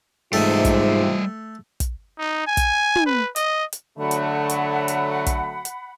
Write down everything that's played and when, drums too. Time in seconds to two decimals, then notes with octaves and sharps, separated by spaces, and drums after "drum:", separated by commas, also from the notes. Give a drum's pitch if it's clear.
0.33 G#2 C3 E3 G3 A3 F4 D#5
0.65 drum: kick, hi-hat
1.80 drum: kick, hi-hat
2.19 D#4
2.47 G#5
2.57 drum: kick, hi-hat
2.96 drum: tom
3.06 B4
3.36 D#5, drum: hi-hat
3.73 drum: hi-hat
3.99 D3 F#3 A3 F#5 B5
4.11 drum: hi-hat
4.50 drum: hi-hat
4.88 drum: hi-hat
5.26 drum: kick, hi-hat
5.65 drum: hi-hat